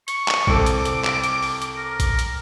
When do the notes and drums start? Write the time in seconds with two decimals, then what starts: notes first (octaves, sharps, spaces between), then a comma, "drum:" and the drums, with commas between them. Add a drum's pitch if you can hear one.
0.08 C#6, drum: hi-hat
0.28 drum: clap
0.47 C2 A4 D6, drum: kick
0.66 drum: hi-hat
0.85 drum: hi-hat
1.04 drum: clap
1.24 drum: hi-hat
1.43 drum: open hi-hat
1.62 drum: hi-hat
1.77 A#4
2.00 drum: kick, hi-hat
2.19 drum: hi-hat